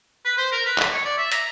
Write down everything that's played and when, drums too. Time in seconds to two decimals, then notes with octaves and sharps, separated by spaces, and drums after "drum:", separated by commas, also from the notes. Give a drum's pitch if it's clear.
0.25 B4
0.38 C5
0.52 A#4
0.65 B4
0.78 drum: clap
0.92 C#5
1.05 D5
1.18 E5
1.32 A#5, drum: hi-hat